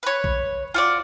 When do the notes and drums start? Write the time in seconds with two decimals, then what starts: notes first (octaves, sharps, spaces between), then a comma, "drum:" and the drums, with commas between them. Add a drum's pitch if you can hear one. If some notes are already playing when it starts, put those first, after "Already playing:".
0.03 B4 C#5
0.24 drum: kick B1
0.74 F4 F#4 D5